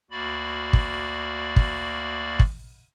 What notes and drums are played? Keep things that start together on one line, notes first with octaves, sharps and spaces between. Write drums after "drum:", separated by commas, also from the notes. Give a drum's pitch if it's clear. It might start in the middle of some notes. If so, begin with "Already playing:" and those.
D2 A#3 F#4 D5 B5
drum: kick
drum: kick
drum: kick